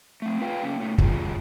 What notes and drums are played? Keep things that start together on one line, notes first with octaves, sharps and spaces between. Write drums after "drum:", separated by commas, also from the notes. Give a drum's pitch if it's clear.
A3 C4
F4 B4 F5 G5
C#3 A#3 C#4
B2 A3
G3 G#3 F4, drum: kick